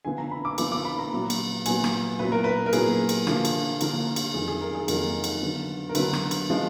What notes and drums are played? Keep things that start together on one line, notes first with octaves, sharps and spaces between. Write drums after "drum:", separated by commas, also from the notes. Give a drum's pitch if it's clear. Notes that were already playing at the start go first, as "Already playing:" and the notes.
D3 F3 B3 G#5
A#5
B5
D6
D3 F3 B3 D6, drum: cymbal
D6
B5
A#5
A#2 F#3 B3
drum: cymbal
A#2 F#3 B3 G#5, drum: cymbal
drum: rim click
A#2 F#3 B3 B4
A#4
B4
A#4
A#2 F#3 B3 G#4, drum: cymbal
drum: cymbal
D3 F3 A#3, drum: rim click
drum: cymbal
D3 F3 A#3 A#4, drum: cymbal
drum: cymbal
F2 D#3 F#3 A#3 G#4
G#4
A#4
G#4
F2 D#3 F#3 A#3 A#4, drum: cymbal
drum: cymbal
D3 F#3 B3
A#4
D3 F#3 B3 B4, drum: cymbal
drum: rim click
drum: cymbal
F3 G#3 B3